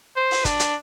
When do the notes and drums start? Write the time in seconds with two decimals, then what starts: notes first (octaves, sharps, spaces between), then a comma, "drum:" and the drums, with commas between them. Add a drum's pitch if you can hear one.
0.16 C5
0.31 drum: open hi-hat
0.45 D4, drum: kick, hi-hat
0.59 drum: hi-hat